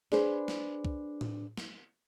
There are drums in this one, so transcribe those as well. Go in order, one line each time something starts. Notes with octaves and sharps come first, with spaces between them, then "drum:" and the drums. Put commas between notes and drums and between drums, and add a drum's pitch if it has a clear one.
D4 G#4 B4 C5, drum: snare
drum: snare
drum: kick C2
drum: tom A2
drum: snare